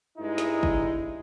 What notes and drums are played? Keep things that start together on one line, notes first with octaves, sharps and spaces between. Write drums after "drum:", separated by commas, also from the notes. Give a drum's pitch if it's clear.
G2 G#3 D#4 E4
drum: snare
drum: kick